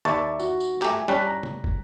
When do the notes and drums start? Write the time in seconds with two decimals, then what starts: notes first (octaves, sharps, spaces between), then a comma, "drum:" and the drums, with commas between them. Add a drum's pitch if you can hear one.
0.05 D#2 D5 E5 A5 C#6
0.39 F#4, drum: tambourine
0.60 drum: tambourine
0.82 A3 G4 G#5 A#5, drum: clap
1.08 G3 C#4 A5 F#6 B6
1.27 A#5
1.43 drum: tom C3
1.64 drum: kick